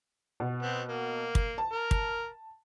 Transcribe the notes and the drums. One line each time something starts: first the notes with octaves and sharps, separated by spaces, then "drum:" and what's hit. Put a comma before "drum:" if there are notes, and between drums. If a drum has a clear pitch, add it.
B2
B3 C4
A#3
drum: kick
A5
A#4
drum: kick